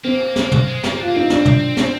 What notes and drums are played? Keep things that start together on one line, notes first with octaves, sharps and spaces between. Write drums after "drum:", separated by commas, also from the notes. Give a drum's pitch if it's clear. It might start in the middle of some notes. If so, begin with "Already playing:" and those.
A#3 C4
A#3, drum: snare
drum: tom
G#3
A#3, drum: snare
G4
D4 F4
A#3
C4 D#4
D4, drum: snare
drum: tom
drum: snare